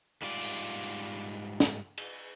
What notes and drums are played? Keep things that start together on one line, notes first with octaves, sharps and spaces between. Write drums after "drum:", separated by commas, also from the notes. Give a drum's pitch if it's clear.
G#2 G3 F4 D5
drum: open hi-hat
drum: snare
drum: cymbal